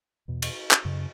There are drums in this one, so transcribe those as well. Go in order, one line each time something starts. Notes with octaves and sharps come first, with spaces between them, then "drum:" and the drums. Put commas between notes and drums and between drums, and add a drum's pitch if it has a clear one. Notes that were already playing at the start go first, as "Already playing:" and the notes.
E2 B2
drum: cymbal
drum: clap
F#2 C#3